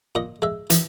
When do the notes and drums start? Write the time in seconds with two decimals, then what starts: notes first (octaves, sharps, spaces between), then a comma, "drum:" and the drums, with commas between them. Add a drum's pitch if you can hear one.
0.15 A#2 D#5
0.42 G#3 E5
0.70 E3, drum: hi-hat